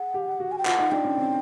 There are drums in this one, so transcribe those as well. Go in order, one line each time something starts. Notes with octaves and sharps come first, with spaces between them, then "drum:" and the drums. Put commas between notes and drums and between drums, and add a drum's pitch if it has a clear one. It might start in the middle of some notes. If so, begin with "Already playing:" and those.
Already playing: G#4 F#5
G4
F#4
G#5
G5
F4 F#5, drum: clap
D#4
D4 G5
C#4
C4